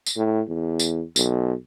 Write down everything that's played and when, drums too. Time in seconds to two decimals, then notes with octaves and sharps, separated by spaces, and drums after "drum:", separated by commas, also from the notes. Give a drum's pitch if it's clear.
0.06 drum: tambourine
0.17 A2
0.48 E2
0.79 drum: tambourine
1.16 B1, drum: tambourine